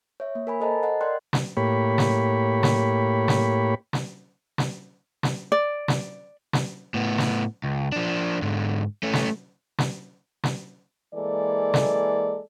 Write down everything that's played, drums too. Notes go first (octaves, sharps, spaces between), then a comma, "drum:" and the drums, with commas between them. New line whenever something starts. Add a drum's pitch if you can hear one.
C#5 E5
A#3
A#4 G#5 B5
A4 C5 D#5 A5 A#5
D#5 F#5
A#4 D5 G5 C6 F#6
drum: snare
A2 A#3 G4 C#5 B5
drum: snare
drum: snare
drum: snare
drum: snare
drum: snare
drum: snare
D5
drum: snare
drum: snare
A2 B3
drum: snare
C#2
F3 D4
G#2 D3
A3 C#4
drum: snare
drum: snare
drum: snare
E3 G#3 A#3 A4 D5
drum: snare